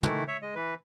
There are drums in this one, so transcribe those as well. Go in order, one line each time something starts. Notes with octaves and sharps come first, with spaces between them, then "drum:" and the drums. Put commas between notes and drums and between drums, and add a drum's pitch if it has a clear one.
D#3 E3 A3 E4, drum: tom
C#5 E5
G#3 D#5
E3 B4